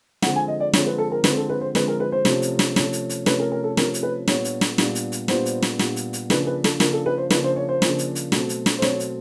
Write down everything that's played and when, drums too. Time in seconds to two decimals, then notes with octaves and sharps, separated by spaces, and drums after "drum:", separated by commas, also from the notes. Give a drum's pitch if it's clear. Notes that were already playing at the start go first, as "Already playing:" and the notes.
0.22 D3 F3 G#3 C4 F#5, drum: snare
0.36 G#5
0.48 D#5
0.60 D5
0.73 D3 F3 G#3 C4 C#5, drum: snare
0.87 B4
0.98 A4
1.12 A#4
1.24 D3 F3 G#3 C4 B4, drum: snare
1.37 A4
1.49 B4
1.61 C5
1.75 D3 F3 G#3 C4 B4, drum: snare
1.88 A#4
2.00 B4
2.12 C5
2.25 C3 F3 A3 C#4, drum: snare
2.42 drum: hi-hat
2.59 drum: snare
2.76 C3 F3 A3 C#4, drum: snare
2.93 drum: hi-hat
3.10 drum: hi-hat
3.26 C3 F3 A3 C#4 B4, drum: snare
3.40 A#4
3.52 A#4
3.64 A4
3.77 C3 F3 A3 C#4 A#4, drum: snare
3.94 drum: hi-hat
4.03 B4
4.28 A#2 G3 B3 D4 C#5, drum: snare
4.44 drum: hi-hat
4.61 drum: snare
4.78 A#2 G3 B3 D4, drum: snare
4.95 drum: hi-hat
5.12 drum: hi-hat
5.28 A#2 G3 B3 D4 C5, drum: snare
5.46 drum: hi-hat
5.62 drum: snare
5.79 A#2 G3 B3 D4, drum: snare
5.96 drum: hi-hat
6.13 drum: hi-hat
6.30 C#3 F3 A#3 D4 B4, drum: snare
6.47 B4
6.64 A4, drum: snare
6.80 C#3 F3 A#3 D4 A#4, drum: snare
6.93 A4
7.06 B4
7.18 C5
7.30 C#3 F3 A#3 D4 B4, drum: snare
7.44 C5
7.56 C#5
7.69 C5
7.82 C#3 F3 A#3 D4, drum: snare
7.98 drum: hi-hat
8.15 drum: hi-hat
8.32 B2 F#3 A3 C4, drum: snare
8.49 drum: hi-hat
8.66 drum: snare
8.79 C5
8.82 B2 F#3 A3 C4 C#5, drum: snare
9.00 drum: hi-hat